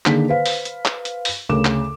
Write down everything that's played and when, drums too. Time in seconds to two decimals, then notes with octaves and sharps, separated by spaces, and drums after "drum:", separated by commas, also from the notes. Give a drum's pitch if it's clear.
0.06 D3 D#3 A#3 G#4 B6, drum: clap
0.29 B4 C5 F5
0.46 drum: open hi-hat
0.65 drum: hi-hat
0.85 drum: clap
1.05 drum: hi-hat
1.25 drum: open hi-hat
1.49 D2 C#3 A#4 D6 E7
1.65 drum: clap